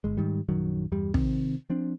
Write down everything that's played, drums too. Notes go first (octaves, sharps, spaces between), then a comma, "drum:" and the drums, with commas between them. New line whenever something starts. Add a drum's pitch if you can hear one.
G1 G#3
G#2 D#3 G3
A#1 F#2 D#3 F#3
E2 G2 G3
C3 D#3 C4, drum: kick
F3 C4 D4